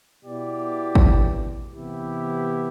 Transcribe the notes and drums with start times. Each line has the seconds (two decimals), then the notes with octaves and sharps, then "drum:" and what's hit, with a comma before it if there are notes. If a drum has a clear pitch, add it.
0.24 B2 B3 E4 G4 D5
0.95 drum: kick
1.72 C3 E3 B3 E4 G4